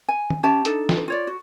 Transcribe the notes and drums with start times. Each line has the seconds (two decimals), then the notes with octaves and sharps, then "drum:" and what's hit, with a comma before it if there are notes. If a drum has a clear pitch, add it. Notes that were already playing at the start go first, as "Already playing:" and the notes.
0.09 G#5
0.30 drum: tom
0.43 C#4 G4 E5 A5
0.65 D4 D#4 A4, drum: hi-hat
0.89 drum: snare
1.08 F4 C#5 D5
1.27 F#4